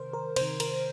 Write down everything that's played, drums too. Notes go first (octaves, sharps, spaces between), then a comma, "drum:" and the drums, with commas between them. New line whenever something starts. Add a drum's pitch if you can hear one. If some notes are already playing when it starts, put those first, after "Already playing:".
Already playing: C3 D#3 A#4 C5
A#4
C3 D#3 C5, drum: cymbal
A#4, drum: cymbal